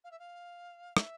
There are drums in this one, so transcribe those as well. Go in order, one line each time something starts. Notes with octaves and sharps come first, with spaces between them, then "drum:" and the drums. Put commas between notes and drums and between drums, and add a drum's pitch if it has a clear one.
F5
E5
F5
E5, drum: rim click